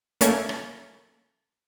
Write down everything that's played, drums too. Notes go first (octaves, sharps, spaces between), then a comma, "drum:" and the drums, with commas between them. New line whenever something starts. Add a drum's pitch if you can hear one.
A3 A#3 C#4 C#5, drum: hi-hat
drum: rim click